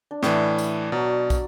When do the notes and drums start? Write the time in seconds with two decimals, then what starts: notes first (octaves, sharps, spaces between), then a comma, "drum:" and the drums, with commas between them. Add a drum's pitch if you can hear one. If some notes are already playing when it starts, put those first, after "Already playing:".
0.11 D4
0.23 A2 E3, drum: snare
0.58 drum: tambourine
0.92 B2 F#3 D5
1.30 drum: kick, tambourine